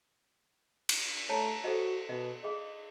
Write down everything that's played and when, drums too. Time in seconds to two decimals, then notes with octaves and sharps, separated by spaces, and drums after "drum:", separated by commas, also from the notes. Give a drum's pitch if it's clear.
0.89 drum: cymbal
1.29 A3 C#5 A5 A#5
1.64 F#4 A4 C5 D#5
2.09 B2 D#5
2.44 G#4 D#5 F5